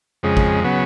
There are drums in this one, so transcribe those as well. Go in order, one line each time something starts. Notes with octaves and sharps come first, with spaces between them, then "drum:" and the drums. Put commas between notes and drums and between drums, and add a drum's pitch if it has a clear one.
F2 C#3 G#3
drum: kick G#1
C#3 F#3 B3